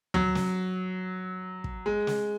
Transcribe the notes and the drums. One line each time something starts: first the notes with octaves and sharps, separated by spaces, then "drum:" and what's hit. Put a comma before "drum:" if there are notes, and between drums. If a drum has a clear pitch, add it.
F#3, drum: tom D2
drum: snare
drum: kick
G#3
drum: snare